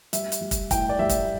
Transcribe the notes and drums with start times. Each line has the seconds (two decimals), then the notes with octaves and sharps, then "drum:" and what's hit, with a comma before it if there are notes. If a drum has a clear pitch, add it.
0.13 G3 E5, drum: hi-hat
0.32 drum: hi-hat
0.41 G3
0.51 drum: kick, hi-hat
0.71 A2 G5, drum: kick, hi-hat
0.89 D5
0.99 G3 E5
1.09 drum: kick, hi-hat